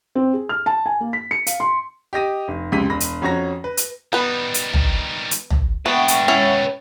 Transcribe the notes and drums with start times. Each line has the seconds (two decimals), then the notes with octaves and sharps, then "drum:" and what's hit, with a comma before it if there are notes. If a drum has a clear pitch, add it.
0.15 C4
0.33 G#4
0.49 F6
0.66 A5
0.86 G#5
1.01 A#3
1.13 B6
1.31 C#7
1.47 F5, drum: hi-hat
1.60 C6
2.13 G4 D#5 A#6 D#7
2.48 F1
2.72 C#2 F#2 C3 G#3 B6 D#7
2.90 E1 B5 A#6
3.00 drum: hi-hat
3.22 F2 C#4 F#4 C#5 A#5 A#6
3.64 B4
3.77 drum: hi-hat
4.13 D#3 G3 B3 B4
4.54 drum: hi-hat
4.73 drum: tom
5.31 drum: hi-hat
5.50 drum: tom
5.86 A#2 A3 B3 B4 E5 F#5 G5 C#6
6.08 drum: hi-hat
6.28 B2 A3 C#4 E4